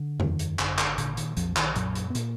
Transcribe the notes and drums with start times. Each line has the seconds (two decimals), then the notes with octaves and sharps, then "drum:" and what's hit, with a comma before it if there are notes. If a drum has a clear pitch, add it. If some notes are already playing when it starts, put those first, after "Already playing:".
Already playing: D3
0.20 F#2 D#3, drum: tom E2
0.39 drum: hi-hat
0.59 G#1 D3, drum: clap
0.78 drum: clap
0.98 A#2 D3, drum: hi-hat
1.17 D#3, drum: hi-hat
1.37 B1 F2 F3, drum: hi-hat
1.57 D#3, drum: clap
1.76 F#2 A#2 F#3, drum: hi-hat
1.95 drum: hi-hat
2.10 B3
2.15 A#2 A#3, drum: hi-hat